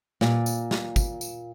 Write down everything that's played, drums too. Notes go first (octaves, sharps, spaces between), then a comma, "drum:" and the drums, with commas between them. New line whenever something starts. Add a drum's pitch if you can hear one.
A#2, drum: snare
drum: tambourine
drum: snare
drum: kick, tambourine
drum: tambourine